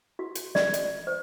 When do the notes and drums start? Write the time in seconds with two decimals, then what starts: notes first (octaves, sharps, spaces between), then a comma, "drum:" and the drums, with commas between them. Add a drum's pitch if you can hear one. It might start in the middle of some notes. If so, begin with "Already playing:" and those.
0.19 F#4
0.35 drum: hi-hat
0.55 D5, drum: snare
0.74 D5, drum: hi-hat
1.07 C5